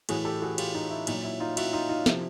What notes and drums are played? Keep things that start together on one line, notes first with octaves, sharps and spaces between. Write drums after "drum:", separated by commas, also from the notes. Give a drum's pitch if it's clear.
A2 E3 F#4 G#4, drum: cymbal
G4 A4
F#4 G#4
F4 G4, drum: cymbal
D#4 F4
E4
A#2 F#3 D#4, drum: cymbal
E4
D#4 F4
E4 F#4, drum: cymbal
D#4 F4
D#4 F4
C3 F3 E4, drum: snare